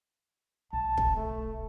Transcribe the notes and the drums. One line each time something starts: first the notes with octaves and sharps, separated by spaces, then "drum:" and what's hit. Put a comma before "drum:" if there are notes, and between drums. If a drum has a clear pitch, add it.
B1 A5
drum: kick
A3